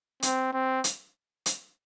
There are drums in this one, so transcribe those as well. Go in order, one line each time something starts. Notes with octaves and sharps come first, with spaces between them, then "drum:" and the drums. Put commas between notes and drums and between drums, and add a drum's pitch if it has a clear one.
C4, drum: hi-hat
C4
drum: hi-hat
drum: hi-hat